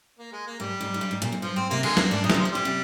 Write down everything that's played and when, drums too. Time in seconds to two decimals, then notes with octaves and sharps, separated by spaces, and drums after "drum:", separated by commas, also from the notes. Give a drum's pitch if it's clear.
0.19 A#3
0.32 G#3
0.47 A#3
0.60 G#2 G3
0.81 G#2
0.94 G#2
1.01 G2
1.11 G#2
1.22 A#2, drum: hi-hat
1.32 G#2
1.42 G2 F3
1.56 G#2 C4
1.70 C3 A#3
1.83 D3 G#3, drum: cymbal
1.97 A#2 A#3, drum: snare
2.10 G#2 D4
2.24 A#2 D#4
2.30 D3, drum: snare
2.34 C3
2.38 F3
2.45 D3
2.52 A#2 G3
2.65 C3